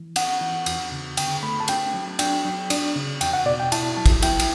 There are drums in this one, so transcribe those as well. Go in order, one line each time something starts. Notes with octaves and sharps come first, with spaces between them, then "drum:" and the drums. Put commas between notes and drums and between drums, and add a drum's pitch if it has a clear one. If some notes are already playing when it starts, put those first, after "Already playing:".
Already playing: E3
C#4 F#5, drum: cymbal
E3
E2, drum: cymbal
C#3
D3 G5, drum: cymbal
A3 B5
A5
C#4 G5, drum: cymbal
F#3
D4 G5, drum: cymbal
F#3
D4, drum: cymbal
C#3
E2 G5, drum: cymbal
F#5
B2 D5
G5
E4 A5, drum: cymbal
F#3 A5
drum: kick, cymbal
E4 G5, drum: cymbal
drum: cymbal